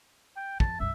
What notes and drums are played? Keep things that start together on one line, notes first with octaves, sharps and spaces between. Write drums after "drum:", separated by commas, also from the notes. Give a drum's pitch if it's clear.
G5
F2 A5, drum: kick
C2 G2 E5